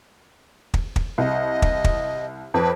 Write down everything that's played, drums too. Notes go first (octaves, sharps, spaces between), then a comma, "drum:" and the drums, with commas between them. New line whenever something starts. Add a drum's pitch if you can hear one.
drum: kick
drum: kick
C2 D#5
drum: kick
drum: kick
F2 B4